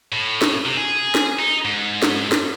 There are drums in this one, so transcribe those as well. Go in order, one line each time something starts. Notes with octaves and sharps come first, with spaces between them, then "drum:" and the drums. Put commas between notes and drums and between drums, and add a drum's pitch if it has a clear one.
A2
drum: snare
C3
G#4
drum: snare
D#4
G#2
drum: snare
drum: snare